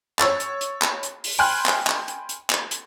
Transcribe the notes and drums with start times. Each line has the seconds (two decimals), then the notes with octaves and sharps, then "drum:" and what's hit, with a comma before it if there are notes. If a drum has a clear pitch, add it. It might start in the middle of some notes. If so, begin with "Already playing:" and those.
0.19 C#5 C#6 E6 A6, drum: clap
0.40 drum: hi-hat
0.61 drum: hi-hat
0.82 drum: clap
1.03 drum: hi-hat
1.24 drum: open hi-hat
1.39 G5 G#5 B5 C6 F6 F#6
1.66 drum: clap
1.87 drum: clap
2.08 drum: hi-hat
2.29 drum: hi-hat
2.50 drum: clap
2.71 drum: hi-hat